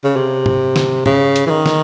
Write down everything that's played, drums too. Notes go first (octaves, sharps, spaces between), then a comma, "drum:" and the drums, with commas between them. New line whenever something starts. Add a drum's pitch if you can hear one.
C#3
C3
drum: tom G#2
drum: snare
C#3, drum: tom G#2
drum: hi-hat
E3
D#3
drum: snare